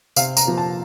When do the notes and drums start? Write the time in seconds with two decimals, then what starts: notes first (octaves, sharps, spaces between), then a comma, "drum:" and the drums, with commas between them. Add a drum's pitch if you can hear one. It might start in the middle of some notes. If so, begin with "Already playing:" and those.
0.16 C3 F5, drum: tambourine
0.37 A#5, drum: tambourine
0.47 F3 A#3
0.58 A5